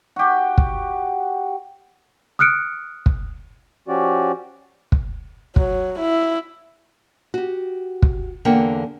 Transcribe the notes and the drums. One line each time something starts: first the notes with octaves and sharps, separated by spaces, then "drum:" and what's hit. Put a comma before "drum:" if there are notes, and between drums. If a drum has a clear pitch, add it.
F#4 G4
drum: kick
D#6 F6 F#6 C#7 D7
drum: kick
F3 C#4 F#4 G4 D5
drum: kick
F#3, drum: kick
E4
F#4 G4
drum: kick
E2 D3 A#3 A#4 F#5 G5